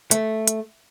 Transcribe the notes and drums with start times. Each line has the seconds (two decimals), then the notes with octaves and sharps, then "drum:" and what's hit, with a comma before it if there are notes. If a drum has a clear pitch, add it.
0.11 A3, drum: hi-hat
0.48 drum: hi-hat